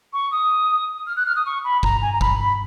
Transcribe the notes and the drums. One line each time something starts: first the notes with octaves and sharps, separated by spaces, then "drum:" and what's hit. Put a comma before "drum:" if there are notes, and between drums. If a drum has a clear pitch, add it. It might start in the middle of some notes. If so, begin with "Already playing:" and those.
C#6
D#6
F6
F#6
F6
D#6
C#6
B5
A#5, drum: kick
G#5
A#5
B5, drum: kick
B5